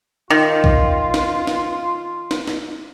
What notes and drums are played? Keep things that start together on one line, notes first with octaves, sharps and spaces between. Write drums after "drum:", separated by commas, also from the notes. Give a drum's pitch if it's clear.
D#3 F4
drum: kick A#1
drum: snare
drum: snare
drum: snare
drum: snare